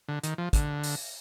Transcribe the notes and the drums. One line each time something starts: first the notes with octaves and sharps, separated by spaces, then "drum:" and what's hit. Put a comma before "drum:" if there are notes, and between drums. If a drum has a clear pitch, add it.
D3
D#3, drum: hi-hat
F3
D3, drum: kick, hi-hat
drum: open hi-hat